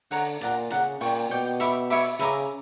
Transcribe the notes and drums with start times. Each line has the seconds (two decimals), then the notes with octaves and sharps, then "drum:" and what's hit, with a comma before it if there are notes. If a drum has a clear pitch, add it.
0.11 D3 C#5 F#5 A#5, drum: open hi-hat
0.41 A#2 D5 F#5 A#5, drum: hi-hat
0.70 C#3 D5 F#5 A#5, drum: hi-hat
1.01 A#2 D5 G5 C#6, drum: open hi-hat
1.30 B2 D5 G5 C#6
1.60 C#5 E5 B5 D6, drum: hi-hat
1.90 C#5 E5 B5 D6, drum: open hi-hat
2.19 C#3 B4 E5 A#5 D6, drum: hi-hat